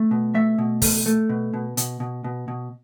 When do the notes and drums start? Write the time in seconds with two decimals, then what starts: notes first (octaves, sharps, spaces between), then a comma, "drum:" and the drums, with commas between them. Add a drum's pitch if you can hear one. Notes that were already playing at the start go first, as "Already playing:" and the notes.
Already playing: A3
0.11 B2
0.34 A3 E5
0.58 B2
0.82 A3, drum: kick, open hi-hat
1.06 A3
1.29 B2
1.54 B2
1.77 B2, drum: hi-hat
2.00 B2
2.24 B2
2.48 B2